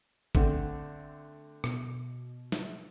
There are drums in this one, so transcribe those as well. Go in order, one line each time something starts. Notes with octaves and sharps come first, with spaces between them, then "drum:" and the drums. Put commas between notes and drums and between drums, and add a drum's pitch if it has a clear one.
D3 A3 C4, drum: kick G#1
B2, drum: rim click
drum: snare